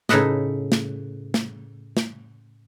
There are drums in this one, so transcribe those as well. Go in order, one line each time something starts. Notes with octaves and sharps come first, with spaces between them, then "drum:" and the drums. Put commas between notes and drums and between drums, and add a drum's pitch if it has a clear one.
A2 C#3 D#4 A4 B4 D#5, drum: snare
drum: snare
drum: snare
drum: snare